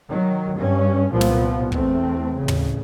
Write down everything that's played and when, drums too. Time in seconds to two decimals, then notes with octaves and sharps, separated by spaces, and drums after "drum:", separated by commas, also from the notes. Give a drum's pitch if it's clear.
0.10 D#3 F#3
0.58 G2 C#4
1.11 C2 A#2 F3 B3
1.21 drum: snare
1.72 E2 A3 C4, drum: kick
2.38 A1 C#3
2.48 drum: tom